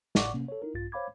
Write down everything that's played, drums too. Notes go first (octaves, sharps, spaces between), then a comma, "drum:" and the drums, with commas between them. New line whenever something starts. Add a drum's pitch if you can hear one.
G#1 A2 D5 F#5 C#6 D6, drum: snare
C3 A#3 C#4
A4 C#5
D#4 E4 A#4
A#1 G2 F4 A6
C5 C#5 F5 B5 D6 G#6